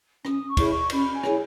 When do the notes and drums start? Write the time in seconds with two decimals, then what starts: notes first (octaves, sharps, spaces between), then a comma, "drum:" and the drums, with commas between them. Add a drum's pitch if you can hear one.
0.25 C#4 D#6, drum: rim click
0.47 C#6
0.57 E4 G#4 C#5, drum: kick, cymbal
0.68 C#6
0.90 C#4 B5, drum: cymbal
1.12 G#5
1.23 E4 G#4 C#5, drum: rim click